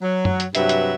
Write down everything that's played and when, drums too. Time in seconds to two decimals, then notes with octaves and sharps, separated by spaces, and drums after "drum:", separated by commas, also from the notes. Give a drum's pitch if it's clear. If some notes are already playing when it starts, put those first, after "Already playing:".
0.02 F#3
0.25 drum: tom F#2
0.40 drum: hi-hat
0.55 G2 C3 F#3 B4 E5, drum: hi-hat
0.69 drum: hi-hat